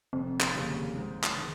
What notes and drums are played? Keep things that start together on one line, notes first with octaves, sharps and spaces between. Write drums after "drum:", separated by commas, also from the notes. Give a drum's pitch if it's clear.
F1 C4
drum: clap
D#2 C#3 G3 A#3
G#2
drum: clap
D#3 G#3